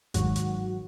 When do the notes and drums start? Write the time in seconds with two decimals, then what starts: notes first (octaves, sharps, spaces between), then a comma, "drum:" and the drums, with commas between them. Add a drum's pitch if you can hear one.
0.14 G#2 D#3 F#3 F#4, drum: kick G1, hi-hat
0.36 drum: hi-hat